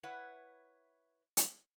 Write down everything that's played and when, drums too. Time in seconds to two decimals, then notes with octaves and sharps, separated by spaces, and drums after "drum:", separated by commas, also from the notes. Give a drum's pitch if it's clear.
0.03 E4 B4 C#5 E5 F#5
1.37 drum: hi-hat